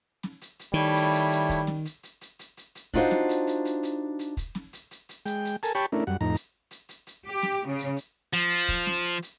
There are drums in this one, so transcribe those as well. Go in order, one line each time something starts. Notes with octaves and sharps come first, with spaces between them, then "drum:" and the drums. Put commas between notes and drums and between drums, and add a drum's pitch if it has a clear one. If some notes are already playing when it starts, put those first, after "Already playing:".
drum: snare
drum: hi-hat
drum: hi-hat
D#3 G3 A3 E4 C#5
drum: hi-hat
drum: hi-hat
drum: hi-hat
drum: kick, hi-hat
drum: snare
drum: hi-hat
drum: hi-hat
drum: hi-hat
drum: hi-hat
drum: hi-hat
drum: hi-hat
D4 D#4 F4 F#4 C5, drum: kick
drum: snare
drum: hi-hat
drum: hi-hat
drum: hi-hat
drum: hi-hat
drum: hi-hat
drum: kick, hi-hat
drum: snare
drum: hi-hat
drum: hi-hat
drum: hi-hat
G#3 G5, drum: hi-hat
drum: hi-hat
A4 A#4 G#5 A5, drum: hi-hat
G4 C#5 G5 A5 B5 C#6
A3 C#4 D4 E4 A#4
F#2 G3 F#5
F2 A2 D#4 A#5
drum: hi-hat
drum: hi-hat
drum: hi-hat
drum: hi-hat
G4
drum: snare
C#3
drum: hi-hat
drum: hi-hat
F3, drum: hi-hat
drum: hi-hat
drum: kick, hi-hat
drum: snare
drum: hi-hat
drum: hi-hat